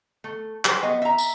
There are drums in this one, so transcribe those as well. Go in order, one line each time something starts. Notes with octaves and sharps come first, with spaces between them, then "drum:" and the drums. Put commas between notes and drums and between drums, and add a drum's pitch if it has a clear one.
A3
F#3 G3 G#4 B4 C5, drum: clap
B3 D#5
E5 A#5
drum: tambourine